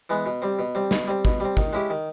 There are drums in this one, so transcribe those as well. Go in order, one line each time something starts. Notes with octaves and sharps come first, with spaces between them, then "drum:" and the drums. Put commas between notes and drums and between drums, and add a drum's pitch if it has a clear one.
E3 G#3 B3
B2
G3 C4
B2
G3 C4
B2, drum: snare
G3 C4
B2, drum: kick
G3 C4
D#3, drum: kick
G#3 C#4 E4 G4
D#3